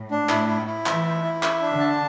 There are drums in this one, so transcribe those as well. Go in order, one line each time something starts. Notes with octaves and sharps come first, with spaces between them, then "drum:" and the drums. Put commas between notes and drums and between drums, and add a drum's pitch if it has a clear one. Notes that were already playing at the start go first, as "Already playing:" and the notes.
Already playing: A2
D4
A2 E4, drum: clap
E4
E4
E3 E5, drum: clap
E4
E4
E5, drum: clap
D4
D3
A5